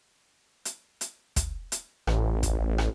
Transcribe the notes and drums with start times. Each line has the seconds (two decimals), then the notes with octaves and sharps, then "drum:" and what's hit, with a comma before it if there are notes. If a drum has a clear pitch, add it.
0.65 drum: hi-hat
1.01 drum: hi-hat
1.36 drum: kick, hi-hat
1.72 drum: hi-hat
2.07 A1, drum: rim click
2.43 drum: kick, hi-hat
2.78 drum: rim click